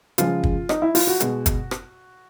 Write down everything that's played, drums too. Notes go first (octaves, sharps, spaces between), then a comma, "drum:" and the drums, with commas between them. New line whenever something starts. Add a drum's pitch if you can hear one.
C#3 F3 G#3 F4, drum: hi-hat
drum: kick
D#4, drum: rim click
E4
F4, drum: open hi-hat
F#4
B2 G#3, drum: hi-hat
drum: kick, hi-hat
drum: rim click